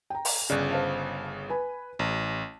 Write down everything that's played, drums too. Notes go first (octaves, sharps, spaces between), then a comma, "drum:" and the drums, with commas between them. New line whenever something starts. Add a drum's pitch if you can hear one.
G5 A#5
drum: open hi-hat
G1 C#3 D5 F#6
C5 F5 A5
B4 G#5 B5
A1 A5